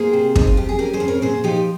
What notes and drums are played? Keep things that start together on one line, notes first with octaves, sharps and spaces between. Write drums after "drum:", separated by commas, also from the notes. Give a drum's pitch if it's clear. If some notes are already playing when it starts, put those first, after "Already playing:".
Already playing: A#3 G#4 C5
C3
F2 D#4, drum: kick
F4
F2 G4
G#4
C#4 G4 A#4
G#4 C5
F2
A#4 C#5
A#2 G#4 C5
F3 D#4 G4